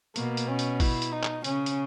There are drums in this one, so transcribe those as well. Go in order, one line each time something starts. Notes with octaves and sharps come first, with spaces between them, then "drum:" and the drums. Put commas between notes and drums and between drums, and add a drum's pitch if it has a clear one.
B2 A#3, drum: hi-hat
drum: hi-hat
C#4
drum: hi-hat
E4, drum: kick, open hi-hat
drum: hi-hat
D#4
drum: clap
C#3 C#4, drum: hi-hat
drum: hi-hat